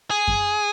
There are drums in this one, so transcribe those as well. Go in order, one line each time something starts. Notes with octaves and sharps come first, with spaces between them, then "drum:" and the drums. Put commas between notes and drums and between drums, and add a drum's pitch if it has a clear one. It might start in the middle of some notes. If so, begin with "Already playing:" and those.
G#4
drum: kick F#2